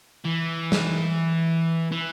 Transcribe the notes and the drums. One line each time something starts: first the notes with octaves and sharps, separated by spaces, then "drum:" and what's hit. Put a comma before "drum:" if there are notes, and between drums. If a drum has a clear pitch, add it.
E3
drum: snare
E3